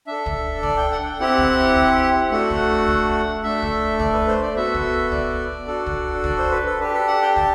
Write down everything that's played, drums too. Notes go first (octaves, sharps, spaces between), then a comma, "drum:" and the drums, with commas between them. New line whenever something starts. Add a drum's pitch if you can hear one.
D4 A4 E5
drum: kick
D5, drum: kick
G5
F#5
G5
C4 E4 G4 F#5
drum: kick
drum: kick
A3 D4 F#4 A4 F#5
drum: kick
drum: kick
A3 D4 A4 E5
drum: kick
D5, drum: kick
B4
C5
D5
B3 F#4 A4 E5
drum: kick
D5, drum: kick
D4 F#4 A4
drum: kick
D5, drum: kick
C5
B4
A4
D4 G4 B4
A4
F#5
G5
A5, drum: kick